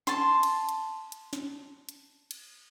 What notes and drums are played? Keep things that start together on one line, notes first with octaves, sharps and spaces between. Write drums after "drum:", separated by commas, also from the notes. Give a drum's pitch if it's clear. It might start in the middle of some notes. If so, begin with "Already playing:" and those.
A5 C6, drum: snare
drum: cymbal
drum: hi-hat
drum: hi-hat
drum: snare
drum: hi-hat
drum: cymbal